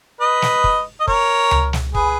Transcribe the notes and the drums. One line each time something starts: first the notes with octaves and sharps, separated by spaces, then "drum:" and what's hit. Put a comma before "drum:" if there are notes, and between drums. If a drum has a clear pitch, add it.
B4 D#5
drum: snare
drum: kick
D#5
A#4 C#5, drum: kick
drum: tom C#2
drum: snare
G#4 B4, drum: kick